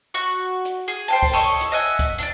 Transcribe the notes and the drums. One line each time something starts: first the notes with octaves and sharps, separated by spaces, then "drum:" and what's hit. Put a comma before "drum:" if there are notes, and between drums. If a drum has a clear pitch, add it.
F#4 F#5 C#6
drum: hi-hat
G#4
C5 G5 A5
drum: kick, open hi-hat
A4 C#5 D#5 C#6
drum: hi-hat
D#5 E5 F#5 G#5
drum: kick, hi-hat
D4 D5, drum: hi-hat